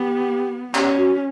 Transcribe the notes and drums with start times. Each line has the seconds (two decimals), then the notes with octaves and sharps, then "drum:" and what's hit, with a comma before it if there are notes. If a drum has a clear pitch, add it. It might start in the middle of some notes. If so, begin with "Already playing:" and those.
Already playing: B3 G4
0.75 C#4 G4, drum: clap
0.97 F#4